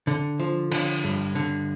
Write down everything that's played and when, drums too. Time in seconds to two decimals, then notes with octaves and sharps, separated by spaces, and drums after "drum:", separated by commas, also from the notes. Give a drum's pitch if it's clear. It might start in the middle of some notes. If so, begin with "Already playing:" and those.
0.07 D3
0.40 F3
0.71 D3, drum: cymbal
1.04 G2
1.35 D3